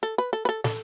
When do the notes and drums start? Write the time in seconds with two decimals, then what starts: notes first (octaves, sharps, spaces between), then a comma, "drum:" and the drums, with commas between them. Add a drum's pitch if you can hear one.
0.03 A4
0.18 B4
0.33 A4
0.45 B4
0.49 A4
0.64 A4, drum: snare